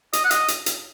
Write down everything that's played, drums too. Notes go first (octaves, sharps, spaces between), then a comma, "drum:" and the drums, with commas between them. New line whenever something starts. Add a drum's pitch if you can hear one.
D#5, drum: hi-hat
F#5
D#5, drum: hi-hat
drum: hi-hat
drum: hi-hat